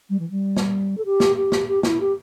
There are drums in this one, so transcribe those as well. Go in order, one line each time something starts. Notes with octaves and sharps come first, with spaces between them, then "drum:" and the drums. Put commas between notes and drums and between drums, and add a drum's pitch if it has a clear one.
G3
E3
G3
drum: snare
A4
G4
drum: snare
G4
drum: snare
G4
E4, drum: snare
G4